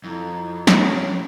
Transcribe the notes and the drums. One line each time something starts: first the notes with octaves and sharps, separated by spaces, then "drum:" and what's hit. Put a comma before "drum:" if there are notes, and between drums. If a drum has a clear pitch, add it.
F2 E4 A4 A#5
A2 C#4, drum: snare